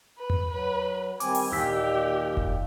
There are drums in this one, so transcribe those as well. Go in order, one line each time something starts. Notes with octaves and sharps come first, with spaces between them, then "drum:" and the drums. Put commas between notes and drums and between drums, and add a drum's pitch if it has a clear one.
B4
drum: tom E2
F#3 B4
D#3 G3 C4 G#5 D6, drum: hi-hat
drum: open hi-hat
D#2 A#2 G4 G5 E6 B6
drum: kick F1